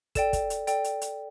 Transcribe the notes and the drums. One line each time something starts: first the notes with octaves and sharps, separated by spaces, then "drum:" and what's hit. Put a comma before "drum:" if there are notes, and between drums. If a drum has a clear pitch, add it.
A4 D5 G5 E7, drum: kick, hi-hat
drum: kick, hi-hat
drum: hi-hat
A4 D5 G5, drum: hi-hat
drum: hi-hat
drum: hi-hat